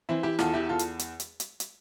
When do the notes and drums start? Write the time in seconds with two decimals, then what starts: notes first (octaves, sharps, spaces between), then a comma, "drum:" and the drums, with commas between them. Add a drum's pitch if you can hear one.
0.09 E3 C4 E4
0.23 E4 G4
0.39 E2 F4 A4, drum: snare
0.54 E4 G4
0.69 E2 F4 A4
0.79 drum: hi-hat
0.99 drum: hi-hat
1.20 drum: hi-hat
1.40 drum: hi-hat
1.60 drum: hi-hat